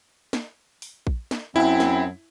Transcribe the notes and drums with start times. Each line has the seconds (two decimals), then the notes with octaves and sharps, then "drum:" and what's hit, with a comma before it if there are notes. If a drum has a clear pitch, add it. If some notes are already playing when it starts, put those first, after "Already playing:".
0.33 drum: snare
0.82 drum: open hi-hat
1.07 drum: kick A#1
1.31 drum: snare
1.56 F#2 C4 E4
1.80 drum: snare